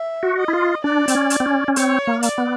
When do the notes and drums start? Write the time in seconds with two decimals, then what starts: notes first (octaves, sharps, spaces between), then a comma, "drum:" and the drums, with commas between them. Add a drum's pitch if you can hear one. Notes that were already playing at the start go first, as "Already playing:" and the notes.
Already playing: E5
0.23 F#4
0.38 D#5
0.48 E4
0.53 F4
0.84 D4 D5
1.08 C4, drum: hi-hat
1.15 C#4
1.30 drum: hi-hat
1.40 C4
1.46 C#4
1.68 C#4
1.76 C4 C#5, drum: hi-hat
2.07 A#3
2.23 D5, drum: hi-hat
2.38 B3